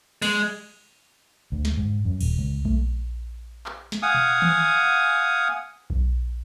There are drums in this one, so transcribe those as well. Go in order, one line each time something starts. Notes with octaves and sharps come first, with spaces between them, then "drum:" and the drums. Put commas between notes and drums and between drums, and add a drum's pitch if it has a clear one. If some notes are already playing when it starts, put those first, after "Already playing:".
G#3, drum: cymbal
D2
drum: snare
G#2
F#2
D#1, drum: cymbal
C#2
A3, drum: kick B1
drum: clap
drum: snare
F5 F#5 G#5 D#6
drum: tom B2
drum: tom D#3
drum: kick B1